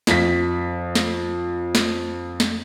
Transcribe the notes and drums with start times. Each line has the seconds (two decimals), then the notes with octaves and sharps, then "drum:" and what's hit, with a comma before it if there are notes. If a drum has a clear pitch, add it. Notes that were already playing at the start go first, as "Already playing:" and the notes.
0.07 F2 B6, drum: snare
0.95 drum: snare
1.75 drum: snare
2.40 drum: snare